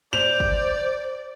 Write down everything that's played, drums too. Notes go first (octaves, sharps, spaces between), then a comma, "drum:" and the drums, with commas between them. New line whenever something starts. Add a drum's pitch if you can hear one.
C5 D5 G6 F7, drum: snare
drum: kick